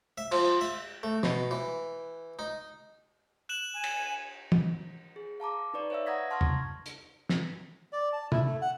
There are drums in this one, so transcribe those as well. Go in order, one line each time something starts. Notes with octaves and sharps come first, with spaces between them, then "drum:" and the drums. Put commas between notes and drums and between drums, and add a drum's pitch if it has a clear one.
E5
F3, drum: cymbal
E5
A3
B2, drum: snare
E3
D#4
F#6 E7 F#7
G#5
drum: cymbal
drum: tom
G#4
F5 A5 A#5 D6
D#4 B4 D5 C#6
B4 C#5 E5 F5 E6
F#5 A#5 D#6 G#6 A#6 B6
A5 C6 C#6 F6 G#6 A#6
drum: tom
drum: hi-hat
drum: snare
D5
A5
E4, drum: tom
A3
F#5